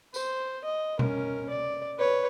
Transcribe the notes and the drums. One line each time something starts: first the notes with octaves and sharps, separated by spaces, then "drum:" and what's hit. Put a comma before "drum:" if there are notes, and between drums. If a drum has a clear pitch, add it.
C5, drum: tambourine
D#5
C#4 A#4, drum: tom B2
D5
B4 C#5